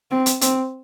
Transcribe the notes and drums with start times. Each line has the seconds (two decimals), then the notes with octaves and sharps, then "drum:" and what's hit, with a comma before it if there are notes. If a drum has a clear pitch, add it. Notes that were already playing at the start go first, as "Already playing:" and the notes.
0.11 C4
0.26 drum: hi-hat
0.41 C4, drum: hi-hat